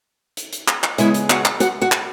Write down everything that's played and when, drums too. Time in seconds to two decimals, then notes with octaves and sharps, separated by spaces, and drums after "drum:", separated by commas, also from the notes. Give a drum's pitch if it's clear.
0.37 drum: hi-hat
0.53 drum: hi-hat
0.68 drum: clap
0.83 drum: clap
0.98 C#3 G#3 B3 E4 E5, drum: hi-hat
1.14 drum: hi-hat
1.30 F#4 F#5, drum: clap
1.45 drum: clap
1.60 F#4 F#5, drum: hi-hat
1.81 F#4 F#5
1.92 drum: clap